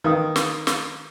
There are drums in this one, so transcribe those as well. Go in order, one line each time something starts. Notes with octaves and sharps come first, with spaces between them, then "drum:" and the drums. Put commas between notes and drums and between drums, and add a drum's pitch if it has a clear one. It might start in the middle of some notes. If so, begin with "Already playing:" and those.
D#3 B4 F5 D#6
drum: snare
drum: snare